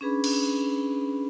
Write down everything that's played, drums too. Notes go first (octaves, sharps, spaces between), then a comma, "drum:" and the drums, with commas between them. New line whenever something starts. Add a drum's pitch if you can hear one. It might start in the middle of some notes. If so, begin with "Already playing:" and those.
C#4 D4 G#4 B4 B5
drum: cymbal